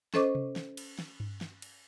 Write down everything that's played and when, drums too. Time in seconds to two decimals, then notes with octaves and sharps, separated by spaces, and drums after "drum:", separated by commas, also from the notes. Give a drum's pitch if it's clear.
0.14 C#4 A4 C5 D#5 C#6 D6, drum: snare
0.35 drum: tom C3
0.56 drum: snare
0.77 drum: cymbal
0.99 drum: snare
1.20 drum: tom G2
1.41 drum: snare
1.62 drum: cymbal